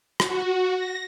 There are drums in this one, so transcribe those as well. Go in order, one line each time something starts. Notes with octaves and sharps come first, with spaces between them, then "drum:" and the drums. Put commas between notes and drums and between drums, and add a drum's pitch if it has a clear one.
F#4, drum: rim click
A#6